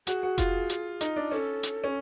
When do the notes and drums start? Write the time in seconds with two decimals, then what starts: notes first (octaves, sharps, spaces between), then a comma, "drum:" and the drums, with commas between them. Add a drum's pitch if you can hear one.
0.07 F#4 G#4, drum: hi-hat
0.23 F#4
0.38 F4, drum: kick F1, hi-hat
0.70 drum: hi-hat
1.01 D#4, drum: hi-hat
1.16 D4
1.31 C#4 A4
1.63 drum: hi-hat
1.84 C#4